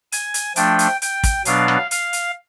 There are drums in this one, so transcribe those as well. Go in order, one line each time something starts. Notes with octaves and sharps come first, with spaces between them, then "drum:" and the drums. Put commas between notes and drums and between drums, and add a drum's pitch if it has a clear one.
G#5, drum: hi-hat
drum: hi-hat
F3 A3 D4 G5, drum: hi-hat
drum: hi-hat
G5, drum: hi-hat
drum: kick, hi-hat
B2 F#3 B3 D4 F5, drum: hi-hat
drum: rim click
F5, drum: hi-hat
drum: hi-hat